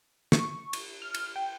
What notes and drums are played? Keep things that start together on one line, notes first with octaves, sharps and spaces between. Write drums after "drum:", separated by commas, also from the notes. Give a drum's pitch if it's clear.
C#6, drum: snare
drum: cymbal
F6
drum: cymbal
G5